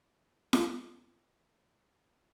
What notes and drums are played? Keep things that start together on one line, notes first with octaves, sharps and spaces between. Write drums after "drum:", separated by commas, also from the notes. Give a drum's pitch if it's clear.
F4 G4
drum: snare
F2 D#5 G5 G#5
F3
D#4 A#4 F5 G6